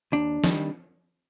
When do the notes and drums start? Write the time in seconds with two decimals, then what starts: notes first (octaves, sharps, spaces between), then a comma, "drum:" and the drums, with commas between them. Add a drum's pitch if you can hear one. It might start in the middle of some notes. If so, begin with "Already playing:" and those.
0.12 D#2 D4
0.44 D#3 G3, drum: snare